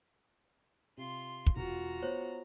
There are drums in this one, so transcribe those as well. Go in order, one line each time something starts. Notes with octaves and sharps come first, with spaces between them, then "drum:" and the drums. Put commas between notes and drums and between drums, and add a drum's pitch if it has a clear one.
C3 F4 C6
drum: kick
E1 F4 F#4 A#5
B3 C5 C#5 F#7